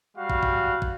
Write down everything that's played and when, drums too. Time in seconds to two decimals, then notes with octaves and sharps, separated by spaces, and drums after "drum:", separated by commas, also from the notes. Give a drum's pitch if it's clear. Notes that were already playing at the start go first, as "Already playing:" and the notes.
0.17 G3 F#4 F5
0.30 drum: kick
0.43 drum: kick
0.82 drum: kick